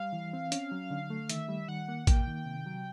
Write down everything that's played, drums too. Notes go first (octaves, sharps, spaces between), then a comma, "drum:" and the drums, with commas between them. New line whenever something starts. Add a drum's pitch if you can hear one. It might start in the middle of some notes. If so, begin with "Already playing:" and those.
Already playing: G3 F5
E3
C4
C#4, drum: hi-hat
F#3
D3
A3
D#3 E5, drum: hi-hat
G3
D#3 F#5
A#3
A#3 G5, drum: kick, hi-hat
D#3
C3
F#3